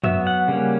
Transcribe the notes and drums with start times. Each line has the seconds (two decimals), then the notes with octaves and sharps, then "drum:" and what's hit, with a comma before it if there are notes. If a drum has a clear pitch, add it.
0.04 F#3 B3 E5, drum: tom
0.27 F#5
0.48 C#3 G3 A#3 C#4